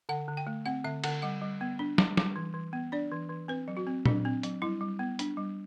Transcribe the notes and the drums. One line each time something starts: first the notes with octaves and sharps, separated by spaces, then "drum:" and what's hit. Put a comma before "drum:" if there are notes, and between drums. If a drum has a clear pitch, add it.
D3 F#5
D3
G5
A3
C4 F#5
D3 E5
D3 F#5, drum: cymbal
G3 F#5
G3
B3
D4
G3, drum: snare
G3, drum: snare
E3
E3
B3
D4 D5
E3
E3
C4 B4
F#3
F#4
C4
F#3 D4, drum: tom A#2
C4
F#3, drum: hi-hat
G3 E4
G3
B3
D4, drum: hi-hat
G3